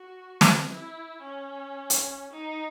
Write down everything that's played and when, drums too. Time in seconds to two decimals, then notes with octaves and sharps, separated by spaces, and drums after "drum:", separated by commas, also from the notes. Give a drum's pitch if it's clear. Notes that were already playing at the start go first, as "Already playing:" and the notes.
Already playing: F#4
0.41 drum: snare
0.68 E4
1.22 C#4
1.90 drum: hi-hat
2.31 D#4